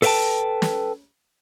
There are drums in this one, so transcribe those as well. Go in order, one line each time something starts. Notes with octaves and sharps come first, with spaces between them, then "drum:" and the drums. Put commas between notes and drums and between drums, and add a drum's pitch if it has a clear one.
A4 B4 C5 F5 G5 A5, drum: open hi-hat
drum: snare